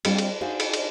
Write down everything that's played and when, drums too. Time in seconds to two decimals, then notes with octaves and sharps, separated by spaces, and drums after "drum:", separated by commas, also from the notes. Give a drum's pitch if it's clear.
0.05 G3 C4 D4 F4 G4, drum: cymbal
0.18 drum: cymbal
0.41 D4 D#4 F#4 G#4 C5 F5
0.60 drum: cymbal
0.73 drum: cymbal